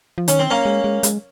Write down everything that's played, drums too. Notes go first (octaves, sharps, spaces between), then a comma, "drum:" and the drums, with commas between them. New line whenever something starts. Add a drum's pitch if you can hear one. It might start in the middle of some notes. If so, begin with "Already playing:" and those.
F3
D#3 C#4, drum: hi-hat
C4
A#3 C#4
G#3
G#3
G#3, drum: hi-hat